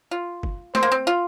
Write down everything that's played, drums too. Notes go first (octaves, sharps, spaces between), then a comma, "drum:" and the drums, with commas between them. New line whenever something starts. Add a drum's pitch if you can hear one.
F4
drum: kick
C4 C5, drum: snare
A#3
C4
F4